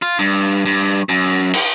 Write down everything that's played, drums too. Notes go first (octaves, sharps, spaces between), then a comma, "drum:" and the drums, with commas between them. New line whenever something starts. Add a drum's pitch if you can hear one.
F4
G2
G2
F#2
drum: cymbal